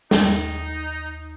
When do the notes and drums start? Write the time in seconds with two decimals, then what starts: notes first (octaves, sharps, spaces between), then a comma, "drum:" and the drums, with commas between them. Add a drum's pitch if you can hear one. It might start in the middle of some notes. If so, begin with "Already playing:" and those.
0.11 D#2 D#4 A#5, drum: snare